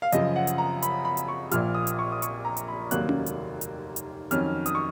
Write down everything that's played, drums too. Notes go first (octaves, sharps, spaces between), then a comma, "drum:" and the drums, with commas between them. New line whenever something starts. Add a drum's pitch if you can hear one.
F5
F#2 C#3 F3 D#5, drum: hi-hat
F#5
drum: hi-hat
A#5
B5, drum: hi-hat
B5
drum: hi-hat
C#6
A#1 A#2 F3 F6, drum: hi-hat
D#6
drum: hi-hat
C#6
D#6
C#6, drum: hi-hat
A#5
drum: hi-hat
B5
F1 D#2 D#3 F#3 A#3 F#6, drum: hi-hat
drum: tom C#4
drum: hi-hat
drum: hi-hat
drum: hi-hat
F2 D#3 F#3 C#4 F6, drum: hi-hat
D#6, drum: hi-hat
C#6